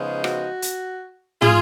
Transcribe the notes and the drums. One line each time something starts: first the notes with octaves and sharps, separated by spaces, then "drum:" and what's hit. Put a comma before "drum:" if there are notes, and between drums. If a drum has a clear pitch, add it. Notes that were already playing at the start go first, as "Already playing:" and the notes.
Already playing: C#3 F3 G#3 B3 D#4
F#4, drum: rim click
drum: hi-hat
F4 G#4, drum: tom